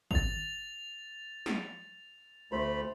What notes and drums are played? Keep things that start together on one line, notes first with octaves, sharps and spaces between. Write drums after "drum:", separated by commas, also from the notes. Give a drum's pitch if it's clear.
A6 F7, drum: kick G#1
drum: snare
D2 A3 C5 B5